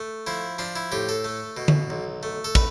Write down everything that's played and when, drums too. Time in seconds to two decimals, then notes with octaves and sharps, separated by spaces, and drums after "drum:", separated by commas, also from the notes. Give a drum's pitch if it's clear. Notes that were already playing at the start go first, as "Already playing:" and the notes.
Already playing: A3
0.27 F3 E4
0.58 F3 D4
0.76 E4
0.92 A2 G4
1.09 A4
1.25 A3
1.57 B2
1.68 drum: tom D3
1.90 B1
2.23 A3
2.44 A4
2.55 B4, drum: kick